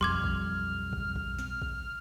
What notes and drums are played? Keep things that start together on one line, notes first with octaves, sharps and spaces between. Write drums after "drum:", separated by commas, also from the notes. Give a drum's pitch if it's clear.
B1 F2 G3 C6 D6 F6 G#6
drum: kick
drum: kick
drum: kick
drum: snare
drum: kick